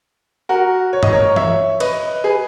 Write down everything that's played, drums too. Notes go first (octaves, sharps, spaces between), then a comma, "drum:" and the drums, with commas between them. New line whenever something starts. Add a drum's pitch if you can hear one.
F#4 A#4
C#5
D#5, drum: tom G2
A#4 C#5
C#5 E5, drum: tom E3
B4 D#5, drum: cymbal
G#4 B4